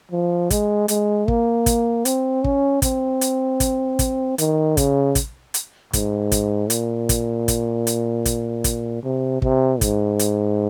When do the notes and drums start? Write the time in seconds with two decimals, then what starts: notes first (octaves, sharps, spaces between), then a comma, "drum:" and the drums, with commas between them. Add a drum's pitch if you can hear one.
0.11 F3
0.50 G#3, drum: kick, hi-hat
0.88 G#3, drum: hi-hat
1.28 A#3, drum: kick
1.66 drum: kick, hi-hat
2.05 C4, drum: hi-hat
2.44 C#4, drum: kick
2.82 C4, drum: kick, hi-hat
3.21 drum: hi-hat
3.60 drum: kick, hi-hat
3.99 drum: kick, hi-hat
4.38 D#3, drum: hi-hat
4.77 C#3, drum: kick, hi-hat
5.15 drum: kick, hi-hat
5.54 drum: hi-hat
5.93 G#2, drum: kick, hi-hat
6.32 drum: kick, hi-hat
6.70 A#2, drum: hi-hat
7.09 drum: kick, hi-hat
7.48 drum: kick, hi-hat
7.87 drum: hi-hat
8.25 drum: kick, hi-hat
8.64 drum: kick, hi-hat
9.03 C3
9.42 C3, drum: kick
9.81 G#2, drum: kick, hi-hat
10.19 drum: hi-hat